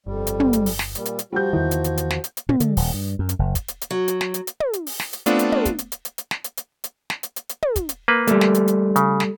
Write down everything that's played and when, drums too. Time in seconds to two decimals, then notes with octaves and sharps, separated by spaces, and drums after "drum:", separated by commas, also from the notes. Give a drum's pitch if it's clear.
0.07 G1 F2 G3
0.27 drum: hi-hat
0.40 drum: tom
0.53 drum: hi-hat
0.66 drum: open hi-hat
0.79 drum: snare
0.95 A#2 G3, drum: hi-hat
1.05 drum: hi-hat
1.19 drum: hi-hat
1.32 F3 G3 F#4 G6
1.53 E2 D#3 E4
1.71 drum: hi-hat
1.84 drum: hi-hat
1.97 drum: hi-hat
2.11 drum: snare
2.24 drum: hi-hat
2.37 drum: hi-hat
2.49 A#2, drum: tom
2.60 D3, drum: hi-hat
2.77 D#1, drum: open hi-hat
2.94 G2
3.19 F#2
3.29 drum: hi-hat
3.39 F#1
3.55 drum: kick, hi-hat
3.68 drum: hi-hat
3.81 drum: hi-hat
3.91 F#3
4.08 drum: hi-hat
4.21 drum: snare
4.34 drum: hi-hat
4.47 drum: hi-hat
4.60 drum: tom
4.73 drum: hi-hat
4.87 drum: open hi-hat
5.00 drum: snare
5.13 drum: hi-hat
5.26 A3 B3 C4 D4 F4, drum: hi-hat
5.39 drum: hi-hat
5.52 drum: tom
5.65 drum: kick, hi-hat
5.79 drum: hi-hat
5.92 drum: hi-hat
6.05 drum: hi-hat
6.18 drum: hi-hat
6.31 drum: snare
6.44 drum: hi-hat
6.57 drum: hi-hat
6.84 drum: hi-hat
7.10 drum: snare
7.23 drum: hi-hat
7.36 drum: hi-hat
7.49 drum: hi-hat
7.63 drum: tom
7.76 drum: kick, hi-hat
7.89 drum: hi-hat
8.08 A#3 B4
8.27 G3 A3, drum: hi-hat
8.41 drum: snare
8.54 drum: hi-hat
8.68 drum: hi-hat
8.96 C#3, drum: hi-hat
9.20 drum: snare